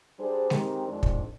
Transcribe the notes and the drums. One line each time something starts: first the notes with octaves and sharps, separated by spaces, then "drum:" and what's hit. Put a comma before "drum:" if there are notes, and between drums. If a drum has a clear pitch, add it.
G3 D4 G#4 C5
D#3 G#3 C4 G4 A#4, drum: snare G#3
F2 D#3 G#3 D4
drum: kick